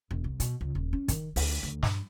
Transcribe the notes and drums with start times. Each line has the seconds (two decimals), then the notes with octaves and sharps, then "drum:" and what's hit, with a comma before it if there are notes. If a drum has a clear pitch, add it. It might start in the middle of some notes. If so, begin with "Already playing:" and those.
0.11 E1
0.24 C2
0.40 B2, drum: hi-hat
0.61 C#2
0.75 D#1
0.93 C#4
1.08 D#3, drum: kick, hi-hat
1.36 D2, drum: open hi-hat
1.63 D2
1.83 G2, drum: snare